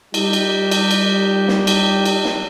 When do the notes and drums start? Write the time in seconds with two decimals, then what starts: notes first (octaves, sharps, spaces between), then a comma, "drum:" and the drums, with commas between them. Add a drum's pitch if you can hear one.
0.14 G3 D#4 G4, drum: cymbal
0.33 drum: cymbal
0.71 drum: cymbal
0.91 drum: cymbal
1.48 drum: snare
1.67 drum: cymbal
2.05 drum: cymbal
2.25 drum: snare